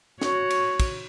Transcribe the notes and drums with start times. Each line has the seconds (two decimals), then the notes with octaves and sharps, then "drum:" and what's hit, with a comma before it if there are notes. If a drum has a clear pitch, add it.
0.21 F#4 C#5, drum: snare
0.51 drum: cymbal
0.80 drum: kick, cymbal